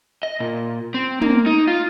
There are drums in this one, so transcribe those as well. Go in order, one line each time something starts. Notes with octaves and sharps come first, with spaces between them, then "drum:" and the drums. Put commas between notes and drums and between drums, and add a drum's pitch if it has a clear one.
D#5
A#2
C4
A#3, drum: tom
D#4
F4